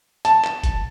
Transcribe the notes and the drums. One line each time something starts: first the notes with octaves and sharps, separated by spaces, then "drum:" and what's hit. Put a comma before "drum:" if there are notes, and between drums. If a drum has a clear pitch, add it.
A5, drum: hi-hat
drum: clap
drum: kick F1, hi-hat